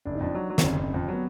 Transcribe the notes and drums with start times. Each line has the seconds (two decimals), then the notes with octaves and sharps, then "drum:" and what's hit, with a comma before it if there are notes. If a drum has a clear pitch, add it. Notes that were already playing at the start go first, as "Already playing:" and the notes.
0.05 F#1 D4
0.15 D#4
0.21 F2 D4
0.35 F#3
0.50 F#3
0.58 C4, drum: snare
0.63 F#1 C#4
0.79 F#1
0.94 F2
1.08 F#3 B3